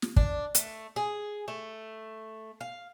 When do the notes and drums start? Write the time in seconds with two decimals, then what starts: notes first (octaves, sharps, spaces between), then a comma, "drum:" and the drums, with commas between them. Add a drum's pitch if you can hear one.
0.02 drum: snare
0.16 D4, drum: kick
0.55 A3, drum: hi-hat
0.96 G#4
1.48 A3
2.61 F5